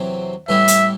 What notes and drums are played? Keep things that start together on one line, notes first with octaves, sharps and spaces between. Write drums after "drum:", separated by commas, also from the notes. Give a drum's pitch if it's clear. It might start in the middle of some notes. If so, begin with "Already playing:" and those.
Already playing: E2 C3 F#3 C4
A2 E3 G3 B3 E4 E5
drum: hi-hat